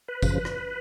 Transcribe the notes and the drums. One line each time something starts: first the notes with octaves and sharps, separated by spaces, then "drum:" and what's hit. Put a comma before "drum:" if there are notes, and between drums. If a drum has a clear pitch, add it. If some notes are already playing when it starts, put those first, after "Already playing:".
B4
F#2 C#3 F3, drum: kick, tambourine
drum: rim click